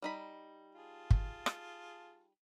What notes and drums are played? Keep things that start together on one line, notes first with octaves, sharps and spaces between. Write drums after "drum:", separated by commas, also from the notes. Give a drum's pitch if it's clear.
G3 D#4 B5
F4 G#4 A5
drum: kick
drum: rim click